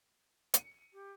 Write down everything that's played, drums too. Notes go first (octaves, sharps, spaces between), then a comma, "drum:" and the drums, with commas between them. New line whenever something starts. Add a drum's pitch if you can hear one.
C#7 D#7, drum: hi-hat
G4